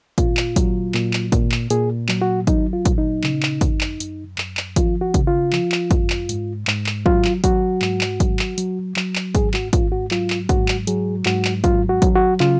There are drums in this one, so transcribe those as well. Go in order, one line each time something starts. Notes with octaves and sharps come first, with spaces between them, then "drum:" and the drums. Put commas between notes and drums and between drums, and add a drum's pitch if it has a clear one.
A#2 F4, drum: kick, hi-hat
drum: clap
F#3, drum: kick, hi-hat
A#2, drum: clap
drum: clap
A#2, drum: kick, hi-hat
drum: clap
A#2 G#4, drum: hi-hat
F#3, drum: clap
F#4
F#3 D#4, drum: kick, hi-hat
F4
A#2, drum: kick, hi-hat
D#4
C#3, drum: clap
drum: clap
F#2, drum: kick, hi-hat
drum: clap
F#2, drum: hi-hat
F#2, drum: clap
drum: clap
F3 F4, drum: kick, hi-hat
F#4
C#3, drum: kick, hi-hat
F4
F3, drum: clap
drum: clap
F#2, drum: kick, hi-hat
drum: clap
G#2, drum: hi-hat
G#2, drum: clap
drum: clap
F#3 F4, drum: kick
drum: clap
F#3 F#4, drum: kick, hi-hat
G#2, drum: clap
drum: clap
F#3, drum: kick, hi-hat
drum: clap
F#3, drum: hi-hat
F#3, drum: clap
drum: clap
G#2 G#4, drum: kick, hi-hat
F#4, drum: clap
G#2 F4, drum: kick, hi-hat
F#4
F#3 F4, drum: clap
drum: clap
G#2 F#4, drum: kick, hi-hat
drum: clap
F#3 G#4, drum: hi-hat
G#2 F#4, drum: clap
drum: clap
F#3 F4, drum: kick, hi-hat
F#4
F#3, drum: kick, hi-hat
F#4
C#3 F4, drum: clap